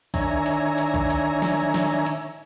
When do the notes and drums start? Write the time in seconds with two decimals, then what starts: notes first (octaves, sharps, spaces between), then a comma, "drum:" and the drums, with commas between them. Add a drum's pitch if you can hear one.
0.14 D#3 D4 C#5 E5 G#5 A#5, drum: kick B1, open hi-hat
0.46 drum: hi-hat
0.78 drum: hi-hat
0.94 drum: kick B1
1.10 drum: hi-hat
1.42 drum: snare
1.74 drum: snare
2.06 drum: hi-hat